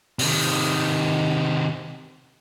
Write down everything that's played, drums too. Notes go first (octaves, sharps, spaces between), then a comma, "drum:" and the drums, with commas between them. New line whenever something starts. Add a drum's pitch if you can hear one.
C3 D#3, drum: open hi-hat